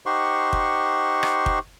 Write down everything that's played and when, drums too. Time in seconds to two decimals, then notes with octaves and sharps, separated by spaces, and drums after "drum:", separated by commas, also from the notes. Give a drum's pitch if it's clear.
0.06 D#4 G4 C5 F#5 C6 C#6
0.53 drum: kick
1.23 drum: rim click
1.46 drum: kick